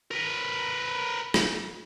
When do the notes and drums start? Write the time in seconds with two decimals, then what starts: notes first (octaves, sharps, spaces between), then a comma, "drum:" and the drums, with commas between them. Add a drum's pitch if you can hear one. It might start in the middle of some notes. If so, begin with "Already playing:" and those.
0.11 A#4 B4
1.34 drum: rim click